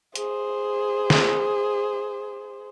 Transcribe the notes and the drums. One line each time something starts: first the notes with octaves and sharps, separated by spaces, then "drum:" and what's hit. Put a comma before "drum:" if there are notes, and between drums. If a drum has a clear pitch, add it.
G#4 C5, drum: hi-hat
drum: snare